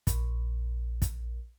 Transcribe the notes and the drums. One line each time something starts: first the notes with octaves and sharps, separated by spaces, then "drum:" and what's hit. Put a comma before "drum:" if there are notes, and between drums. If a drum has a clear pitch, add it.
A#1, drum: kick, hi-hat
drum: kick, hi-hat